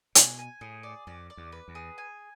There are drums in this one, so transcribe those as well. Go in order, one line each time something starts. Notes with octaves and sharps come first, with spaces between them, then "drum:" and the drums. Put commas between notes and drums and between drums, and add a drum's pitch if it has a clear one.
B2 G#5, drum: hi-hat
G#5
A2 G#4
D5
F2 D5
D5
E2
B4
E2
G#4
G#5